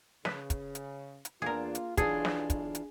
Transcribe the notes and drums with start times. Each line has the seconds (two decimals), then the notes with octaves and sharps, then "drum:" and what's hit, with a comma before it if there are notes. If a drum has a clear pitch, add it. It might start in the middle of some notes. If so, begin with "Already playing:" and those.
0.25 C#3 B4, drum: snare
0.50 drum: kick, hi-hat
0.75 drum: hi-hat
1.25 drum: hi-hat
1.42 E2 A#3 D4 F4 G#4 A#4
1.75 drum: hi-hat
1.97 B1 E3 D4 F4 G#4 A4, drum: kick, hi-hat
2.25 drum: snare
2.50 drum: kick, hi-hat
2.75 drum: hi-hat